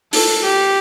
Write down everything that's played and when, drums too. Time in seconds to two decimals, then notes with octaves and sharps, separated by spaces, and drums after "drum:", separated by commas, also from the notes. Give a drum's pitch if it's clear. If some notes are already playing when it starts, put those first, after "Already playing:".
0.13 A4, drum: open hi-hat
0.44 G4